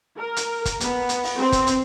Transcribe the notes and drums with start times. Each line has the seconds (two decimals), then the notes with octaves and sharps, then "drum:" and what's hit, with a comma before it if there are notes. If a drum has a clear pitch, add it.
0.18 A#4
0.36 drum: hi-hat
0.65 drum: kick, hi-hat
0.80 B3, drum: hi-hat
1.09 drum: hi-hat
1.23 drum: open hi-hat
1.38 C4
1.52 drum: kick, hi-hat
1.67 drum: hi-hat